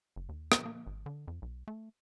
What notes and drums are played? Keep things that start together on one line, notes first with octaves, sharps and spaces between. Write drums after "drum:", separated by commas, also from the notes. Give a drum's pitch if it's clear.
F#1
D#2
drum: rim click
A#3
G#1
D3
F2
B1
A3